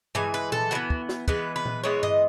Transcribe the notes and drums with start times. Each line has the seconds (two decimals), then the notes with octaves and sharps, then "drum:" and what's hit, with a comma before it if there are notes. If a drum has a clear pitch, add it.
0.15 E3 G#3 G#5, drum: tom G2
0.34 B4
0.52 A4, drum: tom A#2
0.71 E3 G#3 B3 F#4
0.90 drum: kick
1.09 drum: snare
1.28 E3 G#3 B3 B4, drum: kick
1.56 B4
1.65 drum: tom A#2
1.84 E3 G#3 B3 C#5
2.03 D#5, drum: tom G2